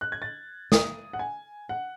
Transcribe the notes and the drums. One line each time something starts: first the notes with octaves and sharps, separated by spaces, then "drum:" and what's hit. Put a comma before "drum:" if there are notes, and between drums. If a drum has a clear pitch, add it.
F#6
G#6
A6
D#6, drum: snare
F#5
G#5
F#5